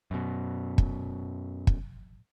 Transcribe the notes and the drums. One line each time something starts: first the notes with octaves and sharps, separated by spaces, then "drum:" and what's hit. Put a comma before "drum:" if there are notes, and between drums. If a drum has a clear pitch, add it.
F#2 B2
drum: kick
drum: kick